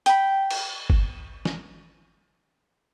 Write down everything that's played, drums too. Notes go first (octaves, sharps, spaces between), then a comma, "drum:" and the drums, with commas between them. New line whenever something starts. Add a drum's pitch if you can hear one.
G5 B5, drum: hi-hat
drum: cymbal
drum: kick G1
drum: snare